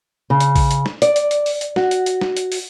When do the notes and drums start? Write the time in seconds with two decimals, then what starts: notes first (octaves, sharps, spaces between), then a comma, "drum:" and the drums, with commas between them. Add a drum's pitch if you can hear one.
0.30 C#3
0.40 drum: hi-hat
0.56 drum: kick A#1, open hi-hat
0.71 drum: hi-hat
0.86 drum: snare
1.02 D5, drum: hi-hat
1.16 drum: hi-hat
1.31 drum: hi-hat
1.46 drum: open hi-hat
1.61 drum: hi-hat
1.76 F#4, drum: snare
1.91 drum: hi-hat
2.06 drum: hi-hat
2.21 drum: snare
2.37 drum: hi-hat
2.52 drum: open hi-hat